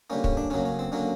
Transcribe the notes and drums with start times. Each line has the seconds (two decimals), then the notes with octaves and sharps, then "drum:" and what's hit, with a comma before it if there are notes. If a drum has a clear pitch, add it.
0.10 D3 G3 A#3 C#4
0.24 C#4, drum: kick
0.37 D4
0.50 C#3 F#3 A#3 C#4
0.65 C#4
0.79 C4
0.92 D3 F#3 A#3 C#4